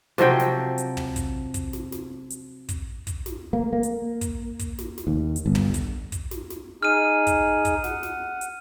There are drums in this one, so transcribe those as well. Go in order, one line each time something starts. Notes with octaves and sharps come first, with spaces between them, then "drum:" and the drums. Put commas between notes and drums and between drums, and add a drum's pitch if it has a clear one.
C3 F3 F#3 G5, drum: snare
drum: snare
drum: hi-hat
drum: tom
drum: kick, hi-hat
drum: kick, hi-hat
drum: snare
drum: snare
drum: hi-hat
drum: kick, hi-hat
drum: kick, hi-hat
drum: snare
A#3
A#3
drum: hi-hat
drum: kick, hi-hat
drum: kick, hi-hat
drum: snare
drum: snare
D#2
drum: hi-hat
G1
drum: tom
drum: kick, hi-hat
drum: kick, hi-hat
drum: snare
drum: snare
D#4 G#4 F6 D#7
drum: kick, hi-hat
drum: kick, hi-hat
F#5, drum: snare
drum: snare
drum: hi-hat